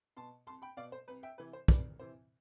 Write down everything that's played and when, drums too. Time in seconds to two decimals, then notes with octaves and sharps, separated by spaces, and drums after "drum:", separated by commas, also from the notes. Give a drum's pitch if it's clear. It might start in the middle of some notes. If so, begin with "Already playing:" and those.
0.17 B2 A5 C6
0.47 C2 A5 C6
0.62 G5 B5
0.77 B2 D5 F5
0.92 C5
1.08 C2 B4
1.23 E5 G5
1.38 C3 E3 B4
1.53 C5
1.68 C2 B4 D5, drum: kick
1.99 C3 E3 C5